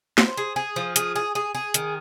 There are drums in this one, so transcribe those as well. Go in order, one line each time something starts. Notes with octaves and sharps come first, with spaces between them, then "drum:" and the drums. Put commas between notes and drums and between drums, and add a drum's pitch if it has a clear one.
C5, drum: snare
G#4
G#4
F3
G#4, drum: hi-hat
G#4
G#4
G#4
D#3, drum: hi-hat